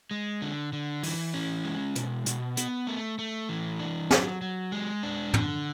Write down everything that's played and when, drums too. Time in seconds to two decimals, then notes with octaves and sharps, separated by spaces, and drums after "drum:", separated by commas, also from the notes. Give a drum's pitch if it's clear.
0.11 G#3
0.42 D3
0.73 D3
1.03 E3, drum: open hi-hat
1.34 C#4
1.64 G#3
1.96 B2, drum: hi-hat
2.26 B2, drum: hi-hat
2.57 B3, drum: hi-hat
2.87 A3
3.19 A3
3.49 E3
3.80 D4
4.11 F#3, drum: snare
4.41 F#3
4.72 G#3
5.03 D4
5.34 D3, drum: tom